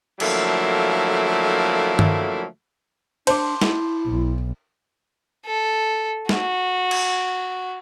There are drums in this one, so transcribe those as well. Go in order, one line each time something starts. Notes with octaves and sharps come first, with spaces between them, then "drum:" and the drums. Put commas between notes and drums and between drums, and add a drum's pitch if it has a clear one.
D3 F3 F#3 A3 A#3 E4, drum: cymbal
drum: tom
D4 C5 A5 C6 D6, drum: cymbal
E4, drum: snare
B1
A4
F#4, drum: snare
drum: cymbal